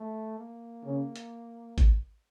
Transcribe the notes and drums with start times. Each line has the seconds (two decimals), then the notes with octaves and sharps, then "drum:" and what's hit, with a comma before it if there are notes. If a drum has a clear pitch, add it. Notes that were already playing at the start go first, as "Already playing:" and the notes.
Already playing: A3
0.38 A#3
0.85 C#3
1.16 drum: hi-hat
1.78 drum: kick G#1, hi-hat